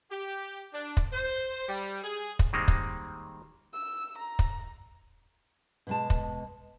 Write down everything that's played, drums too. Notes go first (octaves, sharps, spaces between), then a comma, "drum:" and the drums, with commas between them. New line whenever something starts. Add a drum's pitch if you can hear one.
G4
D4
drum: kick
C5
G3
G#4
drum: kick
D#3 G3 G#3 A#3 C4
drum: kick
E6
A#5
drum: kick
B2 G#3 A5
drum: kick